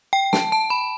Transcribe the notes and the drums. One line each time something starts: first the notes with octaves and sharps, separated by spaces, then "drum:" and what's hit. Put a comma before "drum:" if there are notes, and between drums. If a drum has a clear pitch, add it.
G5
A5, drum: snare
A5
B5